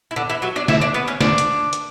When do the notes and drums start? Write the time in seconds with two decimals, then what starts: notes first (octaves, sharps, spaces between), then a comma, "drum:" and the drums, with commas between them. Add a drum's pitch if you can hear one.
0.11 E4
0.16 D3 D4
0.30 E3 E4
0.42 F#3 F#4
0.56 D4 D5
0.68 E4 E5, drum: snare
0.81 D4 D5
0.94 B3 B4
1.08 C#4 C#5
1.21 D4 D5, drum: snare
1.38 drum: hi-hat
1.73 drum: hi-hat